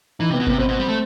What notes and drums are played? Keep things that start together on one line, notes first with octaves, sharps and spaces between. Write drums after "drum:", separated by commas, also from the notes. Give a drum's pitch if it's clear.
E3 D#4
C3 B3
B2
C3 B3, drum: kick G#1
B2 C4
B2
G3
A3